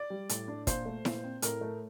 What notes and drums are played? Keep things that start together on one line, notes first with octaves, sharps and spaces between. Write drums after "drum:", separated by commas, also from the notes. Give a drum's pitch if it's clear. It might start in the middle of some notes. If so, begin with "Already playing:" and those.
Already playing: D5
G3
A2, drum: hi-hat
D4
A#2 C5, drum: kick, hi-hat
A3
A#2, drum: snare E4
C4
A2 A#4, drum: hi-hat
A3